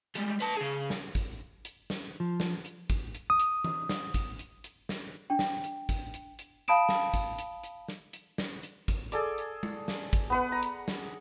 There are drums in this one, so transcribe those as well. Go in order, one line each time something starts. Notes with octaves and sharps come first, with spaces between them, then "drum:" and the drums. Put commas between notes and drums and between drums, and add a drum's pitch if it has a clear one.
G3 G#3, drum: hi-hat
B4 A5, drum: hi-hat
C#3 G#4
drum: snare
drum: kick, hi-hat
drum: hi-hat
drum: snare
F3
drum: snare
drum: hi-hat
drum: kick, hi-hat
drum: hi-hat
D#6
drum: hi-hat
drum: tom E3
drum: snare
drum: kick, hi-hat
drum: hi-hat
drum: hi-hat
drum: snare
D4 G5
drum: snare
drum: hi-hat
drum: kick, hi-hat
drum: hi-hat
drum: hi-hat
F5 A5 B5 D#6 D7 E7
drum: snare
drum: kick, hi-hat
drum: hi-hat
drum: hi-hat
drum: snare
drum: hi-hat
drum: snare
drum: hi-hat
drum: kick, hi-hat
G#4 A4 D5, drum: hi-hat
drum: hi-hat
drum: tom G#3
drum: snare
drum: kick, hi-hat
B3 B4 F#5
A#5
drum: hi-hat
drum: snare